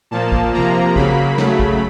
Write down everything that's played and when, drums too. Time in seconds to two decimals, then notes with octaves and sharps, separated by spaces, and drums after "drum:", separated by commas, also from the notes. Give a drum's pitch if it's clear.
0.11 A#2 F3 A#3 A5
0.32 drum: kick
0.53 C3 F3 A#3 A#5
0.96 C#3 F#3 A#3 B5, drum: kick
1.38 C#3 F#3 A3, drum: snare
1.59 drum: kick